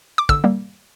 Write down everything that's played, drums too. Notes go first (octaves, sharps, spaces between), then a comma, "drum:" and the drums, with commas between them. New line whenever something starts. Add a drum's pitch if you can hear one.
D6
D3 E6, drum: kick
G3 A#3